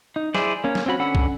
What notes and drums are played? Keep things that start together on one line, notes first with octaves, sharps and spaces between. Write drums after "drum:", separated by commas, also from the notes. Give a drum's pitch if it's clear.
D#4
E4 G#4 C5 D5, drum: snare
A#3 C#4
drum: snare
C4 C#4 F#4 B5
D3 C#4 F#5 B5 E6
drum: kick C2